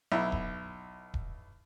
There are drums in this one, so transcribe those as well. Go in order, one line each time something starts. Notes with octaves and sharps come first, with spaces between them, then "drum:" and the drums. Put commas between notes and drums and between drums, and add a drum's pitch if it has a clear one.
B1 E4
drum: kick D#1
drum: kick D#1